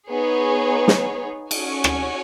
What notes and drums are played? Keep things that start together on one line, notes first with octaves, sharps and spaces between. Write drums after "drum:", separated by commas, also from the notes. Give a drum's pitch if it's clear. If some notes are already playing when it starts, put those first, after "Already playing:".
B3 D#4 G#4 C#5
drum: snare
C#4 F#4 C#5 G#5, drum: cymbal
drum: rim click